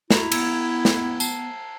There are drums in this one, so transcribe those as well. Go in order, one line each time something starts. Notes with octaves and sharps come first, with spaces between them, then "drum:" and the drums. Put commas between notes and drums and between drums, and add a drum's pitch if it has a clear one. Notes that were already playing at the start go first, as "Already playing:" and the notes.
E4 F#4 A#5 F7, drum: snare
B3 E6 G#6 D7, drum: cymbal
drum: snare
A5 C7, drum: tambourine